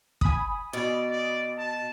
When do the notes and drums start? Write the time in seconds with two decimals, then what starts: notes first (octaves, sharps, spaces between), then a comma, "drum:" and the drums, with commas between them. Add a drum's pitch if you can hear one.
0.21 G#5 B5 D#6, drum: kick
0.73 B2 D5
1.10 D5
1.58 A5